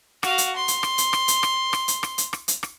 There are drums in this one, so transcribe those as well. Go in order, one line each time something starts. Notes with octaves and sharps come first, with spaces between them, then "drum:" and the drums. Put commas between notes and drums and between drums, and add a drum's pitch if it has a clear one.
F#4 F5, drum: rim click
drum: hi-hat
C6
drum: hi-hat
drum: rim click
drum: hi-hat
drum: rim click
drum: hi-hat
drum: rim click
drum: rim click
drum: hi-hat
drum: rim click
drum: hi-hat
drum: rim click
drum: hi-hat
drum: rim click